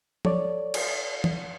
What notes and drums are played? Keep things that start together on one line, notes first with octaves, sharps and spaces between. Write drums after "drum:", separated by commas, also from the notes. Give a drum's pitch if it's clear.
A4 C#5 D5, drum: tom
drum: cymbal
drum: tom